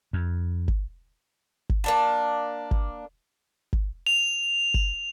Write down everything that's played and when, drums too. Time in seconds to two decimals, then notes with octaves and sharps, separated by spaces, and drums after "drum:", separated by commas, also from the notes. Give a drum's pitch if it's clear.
0.13 F2
0.68 drum: kick G1
1.69 drum: kick G1
1.84 A#3 D4 A5
2.71 drum: kick G1
3.73 drum: kick G1
4.07 F7
4.74 drum: kick G1